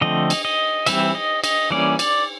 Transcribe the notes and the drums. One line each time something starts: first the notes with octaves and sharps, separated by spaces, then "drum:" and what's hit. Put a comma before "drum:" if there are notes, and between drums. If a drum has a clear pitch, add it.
D3 F3 A3 C4 D#5
drum: cymbal
D#5
E3 G3 C4 E5, drum: cymbal
D#5
D#5, drum: cymbal
E3 G3 A#3 C#4 D5
D5, drum: cymbal